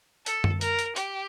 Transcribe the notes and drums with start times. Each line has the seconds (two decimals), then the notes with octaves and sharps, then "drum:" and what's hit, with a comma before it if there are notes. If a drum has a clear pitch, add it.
0.26 A4, drum: hi-hat
0.44 drum: tom F#2
0.61 A#4, drum: hi-hat
0.79 drum: hi-hat
0.96 G4, drum: hi-hat